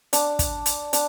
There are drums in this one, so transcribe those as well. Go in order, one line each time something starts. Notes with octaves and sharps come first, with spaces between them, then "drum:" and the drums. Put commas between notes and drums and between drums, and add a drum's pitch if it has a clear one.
D4, drum: hi-hat
drum: kick, hi-hat
drum: hi-hat
D4, drum: hi-hat